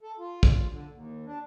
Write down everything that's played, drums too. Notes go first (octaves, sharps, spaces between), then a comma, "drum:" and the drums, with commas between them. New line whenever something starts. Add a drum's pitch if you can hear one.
A4
F4
drum: kick
D3
D#2
D4